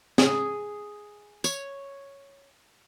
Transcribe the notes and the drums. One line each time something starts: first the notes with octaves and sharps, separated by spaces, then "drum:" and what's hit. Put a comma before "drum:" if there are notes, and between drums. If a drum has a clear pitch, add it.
G#4, drum: snare
C#5, drum: tambourine